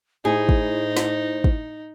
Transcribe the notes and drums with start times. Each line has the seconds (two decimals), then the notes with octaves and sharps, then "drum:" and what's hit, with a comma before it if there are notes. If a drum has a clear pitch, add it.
0.25 A2 D#4 G#4 C5
0.49 drum: kick
0.97 drum: snare
1.44 drum: kick